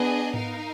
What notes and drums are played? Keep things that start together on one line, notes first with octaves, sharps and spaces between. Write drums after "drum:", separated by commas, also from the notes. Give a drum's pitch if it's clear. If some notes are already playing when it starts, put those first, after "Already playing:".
Already playing: B3 D4 G#4 D#5
D#4 A#4 F5, drum: tom G#2